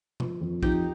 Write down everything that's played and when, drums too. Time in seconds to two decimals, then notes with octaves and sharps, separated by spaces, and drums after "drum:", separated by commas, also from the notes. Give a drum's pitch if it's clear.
0.20 F3, drum: tom B2
0.41 F2
0.63 F2 D#4 G4, drum: kick A#1